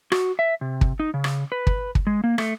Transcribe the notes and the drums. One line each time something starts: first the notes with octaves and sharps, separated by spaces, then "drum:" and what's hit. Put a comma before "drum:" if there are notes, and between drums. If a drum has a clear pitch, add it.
F#4, drum: rim click
E5
C3
drum: kick
D#4
C#3
drum: rim click
B4
drum: kick
drum: kick
G#3
A#3
A3, drum: rim click